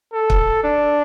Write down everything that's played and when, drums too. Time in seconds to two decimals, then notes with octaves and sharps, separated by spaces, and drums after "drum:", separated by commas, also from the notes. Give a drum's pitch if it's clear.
0.13 A4
0.30 drum: kick
0.63 D4